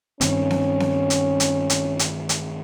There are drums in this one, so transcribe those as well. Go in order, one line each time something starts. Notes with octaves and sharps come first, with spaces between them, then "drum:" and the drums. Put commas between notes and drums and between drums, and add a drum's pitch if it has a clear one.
G2 D#3 C4 C#4, drum: hi-hat
drum: snare B3
drum: snare B3
drum: hi-hat
drum: hi-hat
drum: hi-hat
drum: hi-hat
drum: hi-hat